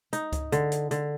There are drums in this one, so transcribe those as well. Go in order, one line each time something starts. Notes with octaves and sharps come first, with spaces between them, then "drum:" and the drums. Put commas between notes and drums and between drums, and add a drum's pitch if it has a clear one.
D#4, drum: hi-hat
drum: kick C#2, hi-hat
D3, drum: hi-hat
drum: hi-hat
D3, drum: hi-hat